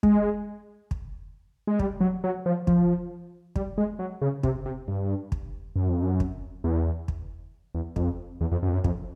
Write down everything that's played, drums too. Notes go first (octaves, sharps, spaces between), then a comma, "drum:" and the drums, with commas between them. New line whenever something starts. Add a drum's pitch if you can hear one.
G#3, drum: kick
drum: kick
G#3
G3, drum: kick
F#3
F#3
F3
F3, drum: kick
G3, drum: kick
G#3
F#3
C#3
C3, drum: kick
C3
G2
drum: kick
F#2
F2
F#2
drum: kick
E2
drum: kick
E2
F2, drum: kick
E2
F2
F#2
F2
F#2
F2, drum: kick